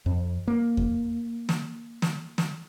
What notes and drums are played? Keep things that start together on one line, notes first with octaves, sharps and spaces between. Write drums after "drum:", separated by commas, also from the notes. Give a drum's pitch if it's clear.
F2
A#3
drum: kick E2
drum: snare
drum: snare
drum: snare